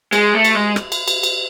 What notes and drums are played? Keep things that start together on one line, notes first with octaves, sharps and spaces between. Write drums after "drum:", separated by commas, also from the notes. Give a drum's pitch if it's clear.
G#3, drum: cymbal
A3
drum: cymbal
G#3
drum: rim click
drum: cymbal
drum: cymbal
drum: cymbal